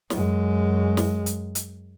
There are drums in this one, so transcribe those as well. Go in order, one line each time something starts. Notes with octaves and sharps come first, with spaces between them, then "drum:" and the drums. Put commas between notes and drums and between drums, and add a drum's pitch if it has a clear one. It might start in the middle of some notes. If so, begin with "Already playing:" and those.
F#2 G#3, drum: snare
drum: snare
drum: hi-hat
drum: hi-hat